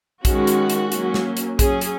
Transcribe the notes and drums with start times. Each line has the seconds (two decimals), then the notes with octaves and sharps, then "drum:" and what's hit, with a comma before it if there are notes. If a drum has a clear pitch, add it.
0.25 D#3 G#3 C#4 F#4, drum: kick A#1, hi-hat
0.47 drum: hi-hat
0.70 drum: hi-hat
0.92 F#3 A#3 C#4, drum: hi-hat
1.14 drum: snare
1.37 drum: hi-hat
1.59 F#3 C#4 G#4, drum: kick A#1, hi-hat
1.81 drum: hi-hat